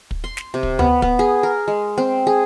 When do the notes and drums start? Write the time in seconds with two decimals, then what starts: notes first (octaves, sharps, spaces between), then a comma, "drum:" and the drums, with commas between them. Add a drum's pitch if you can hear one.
0.11 drum: kick
0.24 C6
0.37 drum: snare
0.54 C3
0.63 drum: kick
0.79 B3, drum: tom D2
1.02 B3, drum: kick
1.19 G#4
1.43 A#4
1.68 G#3
1.98 C4
2.27 G#4